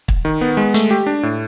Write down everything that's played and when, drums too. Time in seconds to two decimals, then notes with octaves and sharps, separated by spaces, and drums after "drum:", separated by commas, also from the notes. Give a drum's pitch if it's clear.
0.08 drum: kick
0.25 D#3
0.41 B3
0.57 G#3
0.74 A3, drum: hi-hat
0.91 G4
1.07 D4
1.23 A2